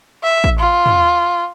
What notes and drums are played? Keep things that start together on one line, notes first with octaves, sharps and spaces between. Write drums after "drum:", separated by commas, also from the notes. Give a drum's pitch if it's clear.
E5
drum: kick A1
F4
drum: tom